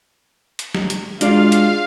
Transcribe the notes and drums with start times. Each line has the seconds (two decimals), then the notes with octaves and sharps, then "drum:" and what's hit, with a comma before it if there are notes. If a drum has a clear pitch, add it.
0.59 drum: hi-hat
0.74 drum: snare
0.90 drum: hi-hat
1.21 G#3 D4 F4 F#4 D5 F5, drum: hi-hat
1.52 drum: hi-hat